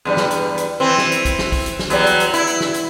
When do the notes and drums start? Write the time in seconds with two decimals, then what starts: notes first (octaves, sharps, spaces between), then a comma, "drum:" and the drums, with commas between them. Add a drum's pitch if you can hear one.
0.05 E2 G2 G3
0.17 drum: snare
0.31 drum: hi-hat
0.58 drum: hi-hat
0.80 E3 C4
0.98 drum: snare
1.12 drum: hi-hat
1.25 drum: kick, hi-hat
1.39 drum: snare
1.52 drum: kick, open hi-hat
1.66 drum: hi-hat
1.79 drum: snare
1.90 E2 F#3 G3, drum: hi-hat
2.06 drum: hi-hat
2.20 drum: hi-hat
2.34 E4, drum: hi-hat
2.47 drum: hi-hat
2.61 drum: snare
2.74 drum: hi-hat